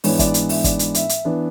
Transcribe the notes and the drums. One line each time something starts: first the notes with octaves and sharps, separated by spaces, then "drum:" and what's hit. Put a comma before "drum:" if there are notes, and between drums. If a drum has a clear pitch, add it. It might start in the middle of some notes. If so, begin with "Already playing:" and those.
G#2 E3 B3 D4 C#5, drum: open hi-hat
D5, drum: kick, hi-hat
drum: hi-hat
E5, drum: open hi-hat
D5, drum: kick, hi-hat
drum: hi-hat
E5, drum: hi-hat
drum: hi-hat
E3 B3 D4